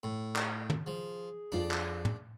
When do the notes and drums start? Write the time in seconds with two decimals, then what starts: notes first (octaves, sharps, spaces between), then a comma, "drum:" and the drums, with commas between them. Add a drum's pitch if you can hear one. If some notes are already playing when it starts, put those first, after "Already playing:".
0.03 A2
0.36 drum: clap
0.70 drum: tom
0.87 F3 G#4
1.52 F2 D4 F4 D5
1.71 drum: clap
2.05 drum: tom